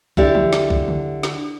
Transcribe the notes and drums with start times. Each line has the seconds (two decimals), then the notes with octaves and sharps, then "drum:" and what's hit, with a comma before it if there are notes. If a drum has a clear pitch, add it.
0.17 D3 E4 G4 D5, drum: kick B1
0.35 drum: tom E3
0.53 drum: snare
0.70 drum: kick B1
0.88 drum: tom C#3
1.23 drum: snare